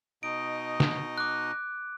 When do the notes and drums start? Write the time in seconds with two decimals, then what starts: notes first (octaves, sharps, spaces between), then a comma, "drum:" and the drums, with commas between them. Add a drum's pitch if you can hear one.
0.23 B2 D#4 D#5 D7
0.80 drum: snare
1.18 D6 F#6